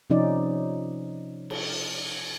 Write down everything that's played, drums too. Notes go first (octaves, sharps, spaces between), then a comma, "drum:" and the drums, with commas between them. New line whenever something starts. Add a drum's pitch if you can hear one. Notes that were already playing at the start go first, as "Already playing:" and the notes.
C3 F3 C#4 D#4 D5
drum: cymbal